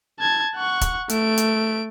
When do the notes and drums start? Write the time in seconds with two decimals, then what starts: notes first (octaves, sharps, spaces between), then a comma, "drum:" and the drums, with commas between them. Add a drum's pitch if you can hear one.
0.19 A5 G#6
0.56 F#5 C#6
0.81 drum: kick, hi-hat
1.09 A3 D7, drum: hi-hat
1.38 drum: hi-hat